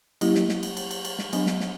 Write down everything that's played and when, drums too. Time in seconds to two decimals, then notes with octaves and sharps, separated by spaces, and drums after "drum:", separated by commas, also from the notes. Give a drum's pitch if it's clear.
0.21 F#3 A#3 C#4 E4 G4, drum: cymbal
0.35 drum: snare
0.49 drum: snare
0.63 drum: cymbal
0.77 drum: cymbal
0.91 drum: cymbal
1.05 drum: cymbal
1.19 drum: snare
1.33 F#3 B3 D4, drum: cymbal
1.46 drum: snare
1.60 drum: snare